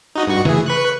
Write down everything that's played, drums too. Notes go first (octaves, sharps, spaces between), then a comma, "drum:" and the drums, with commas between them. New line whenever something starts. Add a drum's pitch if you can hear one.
D#4 F#4 D#5
G2 F#4 C#6
E3 G#4, drum: tom C#3
B4 C#6 F#6